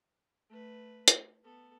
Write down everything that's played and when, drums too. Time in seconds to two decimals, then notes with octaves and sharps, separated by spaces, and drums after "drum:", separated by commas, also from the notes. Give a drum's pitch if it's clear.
0.49 A3 B4
1.08 drum: hi-hat
1.43 B3 A4